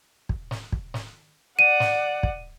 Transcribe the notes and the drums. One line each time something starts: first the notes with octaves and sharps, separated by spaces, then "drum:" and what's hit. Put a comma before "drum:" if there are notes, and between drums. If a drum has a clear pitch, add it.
drum: kick
drum: snare
drum: kick
drum: snare
D5 F#5 D#7
drum: snare
drum: kick